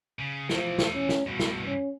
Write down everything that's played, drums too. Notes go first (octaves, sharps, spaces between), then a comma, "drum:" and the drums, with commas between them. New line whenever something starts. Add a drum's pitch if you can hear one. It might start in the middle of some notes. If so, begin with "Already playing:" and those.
C#3
B2 E3 F3, drum: snare
drum: snare
C#4
drum: snare
G2 B2 E3
drum: snare
C#4